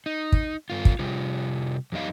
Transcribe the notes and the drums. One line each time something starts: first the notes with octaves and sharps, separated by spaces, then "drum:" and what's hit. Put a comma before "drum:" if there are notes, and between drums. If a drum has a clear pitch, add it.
D#4
drum: kick
G2 F4
drum: kick
C3 G3 F4
F2 G3 D#4 F5